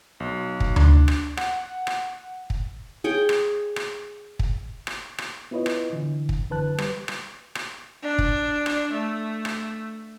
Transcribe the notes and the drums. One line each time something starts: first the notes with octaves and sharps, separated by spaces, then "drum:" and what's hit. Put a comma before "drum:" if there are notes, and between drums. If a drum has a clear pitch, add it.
B1
drum: kick
D4, drum: tom D2
drum: rim click
F#5, drum: rim click
drum: rim click
drum: kick
G#4 C#5 G5
drum: rim click
drum: rim click
drum: kick
drum: rim click
drum: rim click
B3 E4 F4 B4 C#5 D#5
drum: rim click
D3 E3
drum: kick
F#2 D3 E3 B4 A5 F#6
G3 B4, drum: rim click
drum: rim click
drum: rim click
D4
drum: kick
drum: rim click
A3
drum: rim click